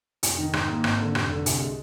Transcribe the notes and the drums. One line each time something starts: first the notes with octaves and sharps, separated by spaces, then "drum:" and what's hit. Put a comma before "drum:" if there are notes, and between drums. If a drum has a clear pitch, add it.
F1, drum: hi-hat
D#3
G#2, drum: rim click
A#3
G#1, drum: rim click
D3
F1, drum: rim click
D3
C2, drum: hi-hat
G#3